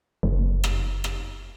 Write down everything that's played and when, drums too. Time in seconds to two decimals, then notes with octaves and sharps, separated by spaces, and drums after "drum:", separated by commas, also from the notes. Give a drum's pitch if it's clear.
0.23 F#1
0.64 drum: rim click
1.04 drum: rim click